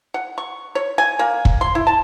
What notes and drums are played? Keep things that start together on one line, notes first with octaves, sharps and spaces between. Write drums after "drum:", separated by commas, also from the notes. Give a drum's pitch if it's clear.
F#5
C#6
C#5
G#5
A#3
drum: kick
C6
E4
A5